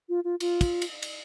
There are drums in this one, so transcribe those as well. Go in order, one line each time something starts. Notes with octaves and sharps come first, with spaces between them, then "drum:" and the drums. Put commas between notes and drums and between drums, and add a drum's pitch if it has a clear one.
F4
F4
F4, drum: cymbal
drum: kick, cymbal
drum: cymbal
drum: cymbal